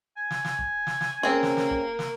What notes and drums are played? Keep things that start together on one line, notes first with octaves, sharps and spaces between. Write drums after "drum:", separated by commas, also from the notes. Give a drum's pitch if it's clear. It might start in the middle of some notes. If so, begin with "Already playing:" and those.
G#5
drum: snare
drum: snare
drum: kick
drum: snare
drum: snare
A#3 C4 C#4 G#4
drum: snare
drum: snare
drum: kick
drum: snare